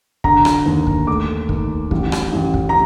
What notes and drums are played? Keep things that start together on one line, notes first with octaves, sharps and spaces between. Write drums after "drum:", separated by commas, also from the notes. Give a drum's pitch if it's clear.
D3 A#5, drum: kick
drum: rim click
D#2
drum: kick
A3 D6
D#3, drum: kick
A1, drum: kick
drum: rim click
A1
drum: kick
A#5